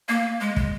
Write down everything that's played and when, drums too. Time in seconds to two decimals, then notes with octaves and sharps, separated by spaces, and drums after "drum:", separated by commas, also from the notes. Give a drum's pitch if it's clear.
0.09 A#3
0.41 G#3
0.56 G#3, drum: kick